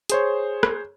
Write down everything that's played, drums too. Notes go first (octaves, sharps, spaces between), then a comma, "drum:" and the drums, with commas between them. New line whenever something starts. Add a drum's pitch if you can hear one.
G#4 C5 C#5, drum: hi-hat
drum: rim click